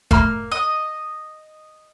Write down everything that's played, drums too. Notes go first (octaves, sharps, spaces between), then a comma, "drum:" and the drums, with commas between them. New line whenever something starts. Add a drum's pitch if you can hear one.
A3 A#3 A#5 F6, drum: kick
D#5 D#6